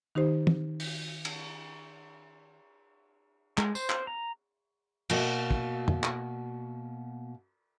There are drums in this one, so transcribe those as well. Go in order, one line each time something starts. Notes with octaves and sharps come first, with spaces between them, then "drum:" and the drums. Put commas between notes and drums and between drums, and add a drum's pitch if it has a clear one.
D#3 D#4 G4 C5
drum: tom
drum: open hi-hat
drum: cymbal
G#3, drum: clap
C5, drum: tambourine
drum: clap
A#5
B2 A#3 F#4, drum: cymbal
drum: kick
drum: tom
drum: clap